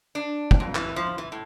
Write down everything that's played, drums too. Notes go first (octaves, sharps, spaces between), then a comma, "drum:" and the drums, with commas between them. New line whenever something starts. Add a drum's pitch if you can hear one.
D4
drum: kick
F2
E3, drum: clap
F3
E3
A2